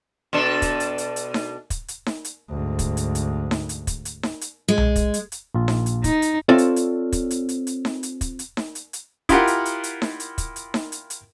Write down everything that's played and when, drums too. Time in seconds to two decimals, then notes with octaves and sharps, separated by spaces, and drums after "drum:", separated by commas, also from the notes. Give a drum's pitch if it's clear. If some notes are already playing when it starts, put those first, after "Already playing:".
0.33 B2 D4 A4
0.62 drum: kick, hi-hat
0.80 drum: hi-hat
0.98 drum: hi-hat
1.16 drum: hi-hat
1.34 drum: snare D#4
1.70 drum: kick, hi-hat
1.88 drum: hi-hat
2.06 drum: snare D#4
2.25 drum: hi-hat
2.49 D2 G#2
2.79 drum: kick, hi-hat
2.97 drum: hi-hat
3.15 drum: hi-hat
3.51 drum: snare D#4
3.69 drum: hi-hat
3.87 drum: kick, hi-hat
4.05 drum: hi-hat
4.23 drum: snare D#4
4.41 drum: hi-hat
4.68 G#3
4.78 drum: tom B1
4.96 drum: kick, hi-hat
5.14 drum: hi-hat
5.32 drum: hi-hat
5.55 A#1 F4
5.68 drum: snare D#4
5.86 drum: hi-hat
6.04 D#4, drum: kick, hi-hat
6.22 drum: hi-hat
6.49 C4 F4 A4 C#5 D5 E5
6.58 drum: hi-hat
6.76 drum: hi-hat
7.12 drum: kick, hi-hat
7.31 drum: hi-hat
7.49 drum: hi-hat
7.67 drum: hi-hat
7.85 drum: snare D#4
8.03 drum: hi-hat
8.21 drum: kick, hi-hat
8.39 drum: hi-hat
8.57 drum: snare D#4
8.75 drum: hi-hat
8.93 drum: hi-hat
9.29 E4 F4 G4 A#4 F#5, drum: kick, hi-hat
9.47 drum: hi-hat
9.65 drum: hi-hat
9.84 drum: hi-hat
10.02 drum: snare D#4
10.20 drum: hi-hat
10.38 drum: kick, hi-hat
10.56 drum: hi-hat
10.74 drum: snare D#4
10.92 drum: hi-hat
11.10 drum: hi-hat